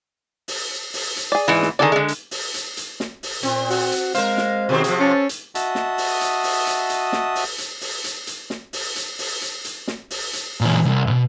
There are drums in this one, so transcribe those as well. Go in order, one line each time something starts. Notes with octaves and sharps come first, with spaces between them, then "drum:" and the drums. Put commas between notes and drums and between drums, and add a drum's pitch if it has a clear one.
drum: open hi-hat
drum: open hi-hat
drum: hi-hat
G#4 D5
G#2 E3
drum: snare
D3 D#3 G#4 A4 D5
D3 G#3
drum: hi-hat
drum: open hi-hat
drum: hi-hat
drum: hi-hat
drum: snare
drum: open hi-hat
A#2 C4, drum: hi-hat
F#4, drum: open hi-hat
drum: hi-hat
G#3 A#4 C5 F5, drum: hi-hat
drum: snare
B2 D#3 F#3 C4 F#4 G#4
C3 F3, drum: hi-hat
C#4 A4 C5 A5
drum: hi-hat
F#4 D#5 E5 A5 D#6, drum: hi-hat
drum: snare
drum: open hi-hat
drum: hi-hat
drum: open hi-hat
drum: hi-hat
drum: hi-hat
drum: snare
drum: open hi-hat
drum: hi-hat
drum: open hi-hat
drum: hi-hat
drum: hi-hat
drum: snare
drum: open hi-hat
drum: hi-hat
drum: open hi-hat
drum: hi-hat
drum: hi-hat
drum: snare
drum: open hi-hat
drum: hi-hat
A#2 E3
C2
G#2 B2